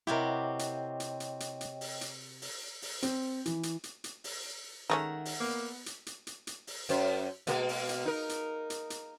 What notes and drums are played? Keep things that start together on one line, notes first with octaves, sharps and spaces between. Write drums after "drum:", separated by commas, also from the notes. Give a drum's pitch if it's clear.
C3 E4 F#4 G4 A#4 C#5 D#5 G5
drum: hi-hat
drum: hi-hat
drum: hi-hat
drum: hi-hat
drum: hi-hat
drum: open hi-hat
drum: hi-hat
drum: open hi-hat
drum: open hi-hat
C4, drum: hi-hat
E3, drum: hi-hat
drum: hi-hat
drum: hi-hat
drum: hi-hat
drum: open hi-hat
D#3 G#3 A3 C#4 E5 F#5 A#5
drum: open hi-hat
A#3 B3
drum: hi-hat
drum: hi-hat
drum: hi-hat
drum: hi-hat
drum: open hi-hat
F#2 C5, drum: hi-hat
B2 G#3 A#3, drum: hi-hat
drum: open hi-hat
drum: hi-hat
D#4 A#4
drum: hi-hat
drum: hi-hat
drum: hi-hat